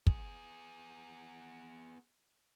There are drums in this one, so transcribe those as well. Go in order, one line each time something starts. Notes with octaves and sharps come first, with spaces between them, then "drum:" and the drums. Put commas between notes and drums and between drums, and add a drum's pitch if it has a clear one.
B3 G#4, drum: kick